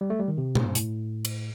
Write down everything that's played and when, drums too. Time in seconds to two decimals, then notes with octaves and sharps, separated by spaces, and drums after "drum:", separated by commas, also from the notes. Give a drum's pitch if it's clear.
0.01 G3
0.10 A3
0.19 G3
0.28 D#3
0.38 C3
0.55 A2, drum: tom
0.65 G2
0.75 A2, drum: hi-hat
1.25 drum: cymbal